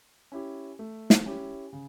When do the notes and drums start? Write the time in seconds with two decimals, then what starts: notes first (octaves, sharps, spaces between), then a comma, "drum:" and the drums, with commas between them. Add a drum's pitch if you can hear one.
0.32 C#4 E4 G4
0.79 A3
1.10 drum: snare
1.26 C#4 E4 G4
1.73 C#3